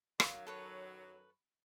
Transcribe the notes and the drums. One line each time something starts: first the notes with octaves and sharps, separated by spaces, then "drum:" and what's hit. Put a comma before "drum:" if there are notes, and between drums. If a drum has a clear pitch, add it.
F#2 D#3 F#3 F5, drum: rim click
A4 B4 C#5